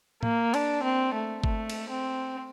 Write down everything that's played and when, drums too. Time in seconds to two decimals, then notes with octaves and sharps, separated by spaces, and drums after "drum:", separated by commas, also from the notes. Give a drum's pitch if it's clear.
0.23 A#3, drum: tom A2
0.54 D4, drum: cymbal
0.83 C4
1.14 A3
1.44 A3, drum: kick G1
1.70 drum: cymbal
1.90 C4